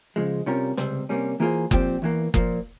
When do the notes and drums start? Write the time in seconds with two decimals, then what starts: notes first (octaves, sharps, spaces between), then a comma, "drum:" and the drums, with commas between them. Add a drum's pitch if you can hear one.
0.16 C#3 F3 G#3
0.46 C3 G3 C#4 F4 A#4
0.77 C#2 C3 G3 C4, drum: hi-hat
1.09 C3 G3 A#3 C#4
1.40 E3 A#3 F4 G#4 C5
1.71 A#2 F3 C4 G4, drum: kick F#1
2.02 E2 E3 A#3
2.34 A#2 F3 A#3, drum: kick F#1